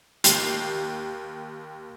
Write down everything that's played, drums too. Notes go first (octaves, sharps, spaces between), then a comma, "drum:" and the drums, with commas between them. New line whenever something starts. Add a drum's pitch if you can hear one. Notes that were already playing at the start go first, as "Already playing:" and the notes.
D#2 G4 C7 F7, drum: hi-hat